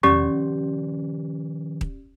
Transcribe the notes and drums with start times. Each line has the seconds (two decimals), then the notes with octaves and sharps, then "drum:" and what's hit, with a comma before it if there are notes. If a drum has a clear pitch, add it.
0.03 D#3 F3 C#4 G4 D5 C#6, drum: tom E2
1.81 drum: kick D#1